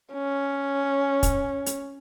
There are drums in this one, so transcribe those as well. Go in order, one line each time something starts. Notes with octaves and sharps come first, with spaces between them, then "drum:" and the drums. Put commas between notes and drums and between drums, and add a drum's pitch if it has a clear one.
C#4
drum: kick, hi-hat
drum: hi-hat